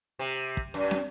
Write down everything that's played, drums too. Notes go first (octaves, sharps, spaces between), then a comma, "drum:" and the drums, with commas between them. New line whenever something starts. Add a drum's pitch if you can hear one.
C3
drum: kick
F#2
drum: snare